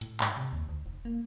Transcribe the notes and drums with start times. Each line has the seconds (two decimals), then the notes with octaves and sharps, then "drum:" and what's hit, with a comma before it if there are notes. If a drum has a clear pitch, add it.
0.01 A2, drum: hi-hat
0.21 G#2, drum: clap
0.37 C3
0.53 D#2
0.69 D2
0.86 F1
1.05 A#3